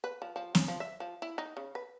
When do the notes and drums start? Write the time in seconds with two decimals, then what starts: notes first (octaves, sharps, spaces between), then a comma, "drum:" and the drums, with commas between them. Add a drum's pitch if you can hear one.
0.04 B4
0.22 F3
0.36 F3
0.55 C#4, drum: snare
0.68 F3
0.80 E5
1.00 F3
1.22 E4
1.38 D#4
1.57 C#3
1.75 B4